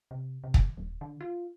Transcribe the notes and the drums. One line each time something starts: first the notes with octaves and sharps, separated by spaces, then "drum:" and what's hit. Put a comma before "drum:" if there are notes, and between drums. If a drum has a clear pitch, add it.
C3
C3
drum: kick
D#1
D3
F4